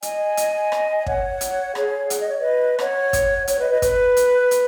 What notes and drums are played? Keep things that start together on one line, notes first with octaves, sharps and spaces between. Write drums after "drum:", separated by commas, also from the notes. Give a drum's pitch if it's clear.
D#5 G#5, drum: hi-hat
drum: hi-hat
drum: rim click
G#5
C#5 F#5, drum: kick
drum: hi-hat
G#4 C#5, drum: rim click
F#5, drum: hi-hat
D#5
C#5
B4 D#5
C#5 F#5, drum: rim click
drum: kick, hi-hat
C#5 F#5, drum: hi-hat
B4 D#5
B4 D#5
B4, drum: kick, hi-hat
drum: hi-hat
drum: hi-hat